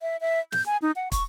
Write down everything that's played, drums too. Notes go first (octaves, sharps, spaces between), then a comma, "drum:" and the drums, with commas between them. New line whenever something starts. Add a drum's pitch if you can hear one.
E5
E5
G6, drum: snare
G#5
D#4
F#5
C#6, drum: kick, hi-hat